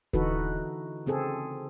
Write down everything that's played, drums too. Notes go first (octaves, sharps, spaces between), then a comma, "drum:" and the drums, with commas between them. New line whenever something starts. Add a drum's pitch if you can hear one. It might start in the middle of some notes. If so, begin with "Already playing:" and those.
D3 E3 D#4 F#4 A4 B4, drum: kick D#1
C#3 C4 G#4 A4